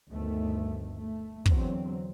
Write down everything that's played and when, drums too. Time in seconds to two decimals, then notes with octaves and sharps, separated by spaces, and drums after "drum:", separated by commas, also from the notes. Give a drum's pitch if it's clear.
0.11 G1 D2 D#3 A3
1.01 A3
1.46 E2 D3 F#3 C4, drum: kick